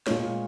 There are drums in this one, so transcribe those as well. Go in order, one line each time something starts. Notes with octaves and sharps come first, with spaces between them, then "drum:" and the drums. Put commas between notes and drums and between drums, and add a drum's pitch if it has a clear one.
A#2 G#3 C#5, drum: snare